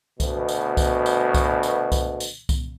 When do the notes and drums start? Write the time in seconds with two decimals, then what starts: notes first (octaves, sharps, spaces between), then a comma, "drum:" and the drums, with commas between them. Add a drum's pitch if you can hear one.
0.20 D2 B2, drum: kick C2, tambourine
0.49 drum: tambourine
0.77 drum: kick C2, tambourine
1.06 drum: tambourine
1.34 drum: kick C2, tambourine
1.63 drum: tambourine
1.92 drum: kick C2, tambourine
2.20 drum: tambourine
2.49 drum: kick C2, tambourine